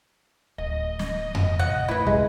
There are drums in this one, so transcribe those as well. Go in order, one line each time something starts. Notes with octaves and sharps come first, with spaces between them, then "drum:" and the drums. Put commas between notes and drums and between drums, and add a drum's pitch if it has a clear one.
D1 D#5
drum: snare
drum: tom F2
A1 C3 F#5
A3 E4 B4
F#2 C#3 G#3, drum: kick